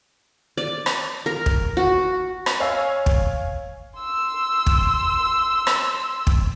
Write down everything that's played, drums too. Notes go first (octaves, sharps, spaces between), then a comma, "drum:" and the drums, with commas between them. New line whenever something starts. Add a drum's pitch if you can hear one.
D5
drum: rim click
A#4
drum: kick
F#4
drum: rim click
C#5 F5 G#5 E6
drum: kick
C6 E6
drum: kick
drum: rim click
drum: kick